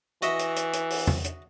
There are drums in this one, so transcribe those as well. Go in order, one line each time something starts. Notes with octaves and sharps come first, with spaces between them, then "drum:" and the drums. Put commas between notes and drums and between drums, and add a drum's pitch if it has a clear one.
E3 F#4 D#5 E5, drum: hi-hat
drum: hi-hat
drum: hi-hat
drum: hi-hat
drum: open hi-hat
drum: tom E2
drum: hi-hat